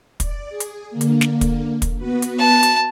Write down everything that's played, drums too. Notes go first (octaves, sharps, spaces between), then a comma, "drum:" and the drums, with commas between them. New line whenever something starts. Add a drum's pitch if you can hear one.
D5, drum: kick, hi-hat
G#4
drum: hi-hat
D3 A#3
drum: hi-hat
drum: snare
drum: kick, hi-hat
drum: kick, hi-hat
B3 F#4 B4
drum: hi-hat
A5
drum: hi-hat